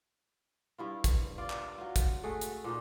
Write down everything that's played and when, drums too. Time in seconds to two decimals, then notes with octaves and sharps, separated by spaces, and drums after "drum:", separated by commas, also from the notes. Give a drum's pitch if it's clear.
0.78 G2 E4 F4
1.04 drum: kick, hi-hat
1.38 F4 D5
1.50 drum: clap
1.78 F#3 F4
1.96 drum: kick, hi-hat
2.24 A3 F#4 G#4 A4
2.41 drum: hi-hat
2.64 A#2 D4 D#4